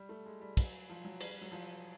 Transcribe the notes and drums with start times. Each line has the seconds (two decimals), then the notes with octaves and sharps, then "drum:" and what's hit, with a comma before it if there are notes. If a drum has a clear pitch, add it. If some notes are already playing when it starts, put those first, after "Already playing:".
Already playing: G3
0.09 A3
0.26 G#3
0.41 G3
0.57 F#3, drum: kick, cymbal
0.89 F3
1.05 F#3
1.20 G3, drum: cymbal
1.31 G3
1.41 F#3
1.52 F3